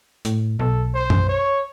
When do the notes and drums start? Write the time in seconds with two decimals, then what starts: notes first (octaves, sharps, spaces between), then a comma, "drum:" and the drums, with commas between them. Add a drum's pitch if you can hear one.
0.25 A2, drum: hi-hat
0.59 B1 A4
0.95 C5
1.10 drum: tom F#2
1.29 C#5